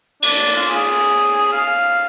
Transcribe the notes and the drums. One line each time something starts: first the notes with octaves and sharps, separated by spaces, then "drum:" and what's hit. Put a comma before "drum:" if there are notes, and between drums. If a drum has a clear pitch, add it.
D4, drum: cymbal
F4
G#4
F5